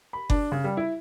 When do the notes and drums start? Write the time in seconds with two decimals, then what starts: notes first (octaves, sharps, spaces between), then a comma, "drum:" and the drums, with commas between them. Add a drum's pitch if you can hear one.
0.13 B5
0.30 D4, drum: kick F#1
0.52 C#3
0.64 G3
0.77 E4